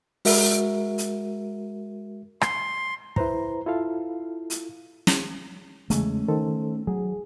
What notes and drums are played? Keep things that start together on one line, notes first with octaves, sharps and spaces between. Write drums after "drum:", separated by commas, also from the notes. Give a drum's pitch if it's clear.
G#3 F#4 A#4 E5, drum: open hi-hat
drum: hi-hat
C6, drum: rim click
E4 B4 C5 A#5, drum: kick
E4 F4 A4 F5
drum: hi-hat
drum: snare
E2 C#3 G#3 A3 C#4, drum: hi-hat
D#3 A4 C5
F#3 G#4